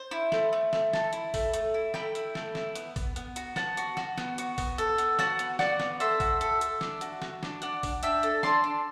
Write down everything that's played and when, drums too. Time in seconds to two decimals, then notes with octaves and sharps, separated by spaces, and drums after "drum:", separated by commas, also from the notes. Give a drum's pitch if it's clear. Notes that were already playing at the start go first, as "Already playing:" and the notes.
Already playing: C5
0.11 E4
0.32 A3, drum: snare
0.53 A3
0.73 A3, drum: snare
0.93 A4, drum: snare
1.13 E4, drum: hi-hat
1.34 A3, drum: kick A1, open hi-hat
1.54 A3, drum: hi-hat
1.74 E4
1.94 A3 G5 B5, drum: snare
2.15 E4, drum: hi-hat
2.35 A3, drum: snare
2.55 E4, drum: snare
2.75 B3, drum: hi-hat
2.96 B3, drum: kick A1, open hi-hat
3.16 B3, drum: hi-hat
3.36 F#4, drum: hi-hat
3.56 B3 F#5 A5, drum: snare
3.77 F#4, drum: hi-hat
3.97 F#4, drum: snare
4.18 B3, drum: snare
4.38 F#4, drum: hi-hat
4.58 B3, drum: kick A1, open hi-hat
4.78 A4, drum: hi-hat
4.98 B3, drum: hi-hat
5.19 F#4 F#5 A5, drum: snare
5.39 B3, drum: hi-hat
5.59 F#4 D5 F#5, drum: snare
5.80 B3, drum: snare
6.00 A4 C5 E5, drum: hi-hat
6.20 F#4, drum: kick A1, open hi-hat
6.41 A4, drum: hi-hat
6.61 A4, drum: hi-hat
6.81 D4, drum: snare
7.01 F#4, drum: hi-hat
7.22 F#4, drum: snare
7.43 D4, drum: snare
7.62 D4 D5 F#5, drum: hi-hat
7.83 D4, drum: kick A1, open hi-hat
8.03 D4 E5 G5, drum: hi-hat
8.23 A4, drum: hi-hat
8.43 D4 A5 C6, drum: snare
8.64 D4